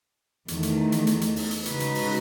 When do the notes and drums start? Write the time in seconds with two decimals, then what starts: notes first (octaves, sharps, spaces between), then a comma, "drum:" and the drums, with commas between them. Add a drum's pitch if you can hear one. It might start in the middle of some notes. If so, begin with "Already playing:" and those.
0.48 E2 D#3 A3, drum: hi-hat
0.63 drum: hi-hat
0.92 drum: hi-hat
1.07 drum: hi-hat
1.21 drum: hi-hat
1.36 drum: open hi-hat
1.51 drum: hi-hat
1.66 C#3 G#3 D#4 F#4 B4, drum: hi-hat
1.80 drum: hi-hat
1.95 drum: open hi-hat